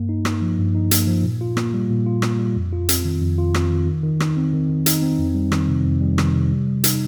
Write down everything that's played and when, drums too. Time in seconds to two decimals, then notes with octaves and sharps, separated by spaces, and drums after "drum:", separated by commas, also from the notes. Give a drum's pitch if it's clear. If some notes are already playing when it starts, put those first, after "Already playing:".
Already playing: G2 A#3
0.09 D#4
0.25 A#3, drum: rim click
0.42 F3
0.58 G2
0.75 D#4
0.91 A#3, drum: hi-hat
1.07 F3
1.24 A#2
1.41 F4
1.57 A#3, drum: rim click
1.74 G3
1.90 A#2
2.06 F4
2.22 A#3, drum: rim click
2.39 G3
2.56 F2
2.73 F4
2.89 C4, drum: hi-hat
3.05 D#3
3.22 F2
3.38 F4
3.54 C4, drum: rim click
3.70 D#3
3.87 D#3
4.03 D#3
4.20 D#4, drum: rim click
4.37 C4
4.53 D#3
4.70 D#3
4.86 D#4, drum: hi-hat
5.02 C4
5.19 F2
5.35 G3
5.52 D#3, drum: rim click
5.68 C3
5.85 F2
6.01 G3
6.18 D#3, drum: rim click
6.33 C3
6.51 G3
6.67 G3
6.84 D#4, drum: hi-hat